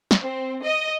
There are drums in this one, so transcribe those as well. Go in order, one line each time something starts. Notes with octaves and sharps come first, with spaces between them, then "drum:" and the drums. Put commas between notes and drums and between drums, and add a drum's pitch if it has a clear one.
drum: snare
C4
D#5